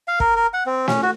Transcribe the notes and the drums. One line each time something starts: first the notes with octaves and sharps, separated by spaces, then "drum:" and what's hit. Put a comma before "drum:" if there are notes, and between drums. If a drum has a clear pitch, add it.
F5
A#4, drum: kick
A#4
F#5
C4
C#4, drum: snare
F#4